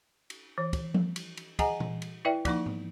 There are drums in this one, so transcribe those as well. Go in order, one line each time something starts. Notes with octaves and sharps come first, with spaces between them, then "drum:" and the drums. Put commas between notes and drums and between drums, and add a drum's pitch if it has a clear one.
drum: cymbal
E3 C#5
drum: kick, cymbal
drum: tom F3
drum: cymbal
drum: cymbal
G#4 D#5 F#5 G#5 A#5, drum: kick, cymbal
drum: tom A#2
drum: cymbal
E4 B4 D5 E5 G5
F3 A#3 D#4 C#6, drum: kick, cymbal
drum: tom G#2